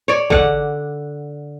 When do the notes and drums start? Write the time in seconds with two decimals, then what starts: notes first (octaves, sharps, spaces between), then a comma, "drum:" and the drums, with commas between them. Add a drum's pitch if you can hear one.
0.08 C#5 D5
0.30 D3 F#5, drum: kick A1